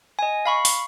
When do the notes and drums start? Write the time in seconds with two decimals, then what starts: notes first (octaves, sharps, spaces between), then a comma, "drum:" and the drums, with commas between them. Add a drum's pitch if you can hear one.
0.19 D#5 G#5
0.46 F5 B5 C#6
0.65 drum: open hi-hat